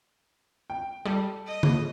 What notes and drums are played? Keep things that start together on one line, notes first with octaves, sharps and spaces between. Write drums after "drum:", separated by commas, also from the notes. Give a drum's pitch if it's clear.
G5
G3 A4
D#5
drum: tom D3